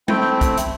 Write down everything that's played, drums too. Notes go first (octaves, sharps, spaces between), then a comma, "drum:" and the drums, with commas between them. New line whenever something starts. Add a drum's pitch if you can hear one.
A3 C4 E4 G5, drum: tom G3
G5
drum: kick, hi-hat
drum: hi-hat